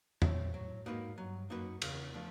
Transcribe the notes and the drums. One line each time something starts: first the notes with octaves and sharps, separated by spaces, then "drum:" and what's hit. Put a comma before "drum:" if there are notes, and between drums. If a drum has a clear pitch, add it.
A#2 F#3 A3 C4, drum: tom
A2 F#3
G#2 A#3 D#4 F#4 B4
G2 F#3
F#2 A#3 D#4 F#4 B4
E2 C#3, drum: cymbal
F3 A3 D4